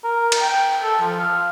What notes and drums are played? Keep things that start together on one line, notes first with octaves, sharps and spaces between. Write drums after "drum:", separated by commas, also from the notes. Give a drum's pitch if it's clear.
A#4
drum: cymbal
G5
A4
F3
F5